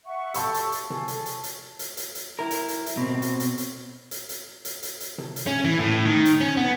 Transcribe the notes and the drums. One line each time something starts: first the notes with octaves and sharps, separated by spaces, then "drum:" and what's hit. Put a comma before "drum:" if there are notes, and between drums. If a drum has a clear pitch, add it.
E5 F#5 C#6
G4 A4 A5 C#6 E6, drum: hi-hat
drum: hi-hat
drum: hi-hat
F5 G#5, drum: tom C3
G#4 A4, drum: hi-hat
drum: hi-hat
drum: hi-hat
drum: hi-hat
drum: hi-hat
drum: hi-hat
E4 A#4
drum: hi-hat
drum: hi-hat
drum: hi-hat
B2 C4
drum: hi-hat
drum: hi-hat
drum: hi-hat
drum: hi-hat
drum: hi-hat
drum: hi-hat
drum: hi-hat
drum: hi-hat
drum: tom C3
drum: hi-hat
C#4
E3
A2
D#3
drum: hi-hat
C#4
B3